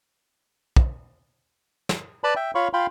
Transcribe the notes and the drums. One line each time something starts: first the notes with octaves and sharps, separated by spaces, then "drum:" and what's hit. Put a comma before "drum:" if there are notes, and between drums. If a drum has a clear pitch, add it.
drum: kick
drum: snare
B4 D5 A5 B5
E5 G5
F4 C#5 F5 B5 C#6
F4 F5 G5 B5 C6